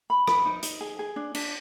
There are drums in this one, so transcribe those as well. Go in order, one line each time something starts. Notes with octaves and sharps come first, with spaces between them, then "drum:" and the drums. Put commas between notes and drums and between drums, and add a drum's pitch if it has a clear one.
B5
B4, drum: rim click
D#4
D#4, drum: hi-hat
G#4
G#4
D4
D4, drum: cymbal